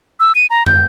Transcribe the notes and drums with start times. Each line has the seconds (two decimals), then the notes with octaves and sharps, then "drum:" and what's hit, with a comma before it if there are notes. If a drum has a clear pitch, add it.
0.20 E6
0.35 D#7
0.50 A#5
0.66 G6, drum: tom